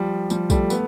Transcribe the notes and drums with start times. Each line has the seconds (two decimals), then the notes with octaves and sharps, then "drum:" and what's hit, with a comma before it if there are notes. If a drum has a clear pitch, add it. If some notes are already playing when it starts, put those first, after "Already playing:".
Already playing: F3 G3
0.30 F3 G3, drum: tambourine
0.50 G3 A3, drum: kick, tambourine
0.70 A3 B3, drum: tambourine